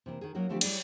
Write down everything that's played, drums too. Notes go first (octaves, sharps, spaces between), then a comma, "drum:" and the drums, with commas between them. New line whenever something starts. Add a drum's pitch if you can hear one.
C3 E3 A#3
D#3 G#4
F#3 A#3 C#4 D#4 F#4
D3 F3 A3 C4 F4 G4
G3 E4 G4 G#4 C#5 D5, drum: cymbal